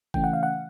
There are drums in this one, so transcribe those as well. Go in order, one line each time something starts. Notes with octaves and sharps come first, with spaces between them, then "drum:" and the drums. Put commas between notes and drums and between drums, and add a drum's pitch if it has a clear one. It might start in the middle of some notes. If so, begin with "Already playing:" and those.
C#3 E3 A3 C#4 G5, drum: kick G#1
F#5
F5
F#5